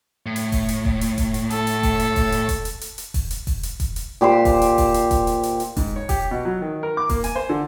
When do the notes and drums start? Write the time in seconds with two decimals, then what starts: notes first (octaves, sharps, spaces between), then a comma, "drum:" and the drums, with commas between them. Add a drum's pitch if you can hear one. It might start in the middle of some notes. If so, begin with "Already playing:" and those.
0.26 A2
0.36 drum: hi-hat
0.52 drum: kick E1, open hi-hat
0.69 drum: hi-hat
0.85 drum: kick E1
1.01 drum: hi-hat
1.18 drum: kick E1, hi-hat
1.34 drum: hi-hat
1.50 A4, drum: hi-hat
1.67 drum: hi-hat
1.83 drum: kick E1, open hi-hat
2.00 drum: hi-hat
2.16 drum: kick E1, open hi-hat
2.32 drum: hi-hat
2.49 drum: kick E1, hi-hat
2.65 drum: hi-hat
2.81 drum: hi-hat
2.98 drum: hi-hat
3.14 drum: kick E1, open hi-hat
3.31 drum: hi-hat
3.47 drum: kick E1, open hi-hat
3.63 drum: hi-hat
3.80 drum: kick E1, hi-hat
3.96 drum: hi-hat
4.21 A#2 G4 C5 C6
4.45 drum: kick E1, open hi-hat
4.62 drum: hi-hat
4.78 drum: kick E1, open hi-hat
4.94 drum: hi-hat
5.11 drum: kick E1, hi-hat
5.27 drum: hi-hat
5.43 drum: hi-hat
5.60 drum: hi-hat
5.77 G#2, drum: kick E1, open hi-hat
5.96 C#5
6.09 G4, drum: kick E1, open hi-hat
6.31 B2
6.45 F#3
6.61 D#3
6.83 A#4
6.97 D6
7.09 A#3, drum: kick E1, open hi-hat
7.24 G#5, drum: hi-hat
7.36 C5
7.49 D3